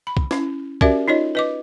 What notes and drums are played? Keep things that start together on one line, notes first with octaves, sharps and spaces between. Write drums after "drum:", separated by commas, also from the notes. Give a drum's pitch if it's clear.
B5
drum: kick
C#4 E4, drum: snare
C#4 F#4 G4 A#4 D5 E5, drum: kick
D#4 F4 C#5 D#5
B4 D#5 D6